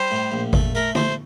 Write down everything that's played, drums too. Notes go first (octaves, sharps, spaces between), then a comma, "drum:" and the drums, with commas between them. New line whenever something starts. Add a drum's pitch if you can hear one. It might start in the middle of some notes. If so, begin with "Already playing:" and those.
Already playing: G3 C5
A2
A#1
A3, drum: kick G#1
A3 A#4
A3 C5, drum: tom D3